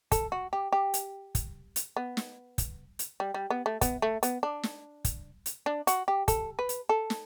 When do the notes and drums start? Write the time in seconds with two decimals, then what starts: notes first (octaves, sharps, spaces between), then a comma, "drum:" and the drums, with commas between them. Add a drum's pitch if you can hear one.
0.12 A4, drum: kick, hi-hat
0.32 F#4
0.53 G4
0.73 G4
0.94 drum: hi-hat
1.35 drum: kick, hi-hat
1.76 drum: hi-hat
1.96 B3
2.17 drum: snare
2.58 drum: kick, hi-hat
2.99 drum: hi-hat
3.20 G3
3.34 G3
3.50 B3
3.66 A3
3.81 B3, drum: kick, hi-hat
4.02 A3
4.23 B3, drum: hi-hat
4.43 D4
4.63 drum: snare
5.05 drum: kick, hi-hat
5.46 drum: hi-hat
5.66 D4
5.87 F#4, drum: hi-hat
6.08 G4
6.28 A4, drum: kick, hi-hat
6.59 B4
6.69 drum: hi-hat
6.89 A4
7.10 drum: snare